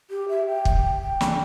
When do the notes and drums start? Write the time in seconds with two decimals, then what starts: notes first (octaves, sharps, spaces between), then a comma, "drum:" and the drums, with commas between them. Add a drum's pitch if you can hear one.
0.10 G4
0.29 E5
0.47 G5
0.65 drum: kick
1.02 G5
1.21 drum: snare